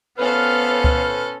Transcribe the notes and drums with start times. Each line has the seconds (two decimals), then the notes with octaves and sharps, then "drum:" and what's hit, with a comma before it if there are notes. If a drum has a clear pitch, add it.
0.19 A2 B3 C#4 A4 B4 C5 F5 F6
0.84 drum: kick C#2